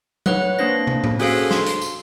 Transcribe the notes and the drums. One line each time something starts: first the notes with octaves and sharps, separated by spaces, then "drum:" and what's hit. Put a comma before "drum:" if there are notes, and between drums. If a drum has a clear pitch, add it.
B4 C#5 F#5 F#6, drum: tom F#3
A#3 C4 D4 C5 A#6
drum: tom
drum: tom A2
C#4 F#4 G#4 A4 C5 F5, drum: open hi-hat
C6, drum: snare
drum: hi-hat
drum: tambourine